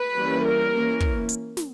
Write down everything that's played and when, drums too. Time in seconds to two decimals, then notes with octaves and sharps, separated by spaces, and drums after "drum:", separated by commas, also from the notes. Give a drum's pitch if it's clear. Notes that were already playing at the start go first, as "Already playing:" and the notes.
Already playing: B4
0.15 E3 G3 A#3 C#4
0.44 A#4
0.72 E3 A#3 C#4
1.00 drum: kick
1.29 drum: hi-hat
1.57 drum: snare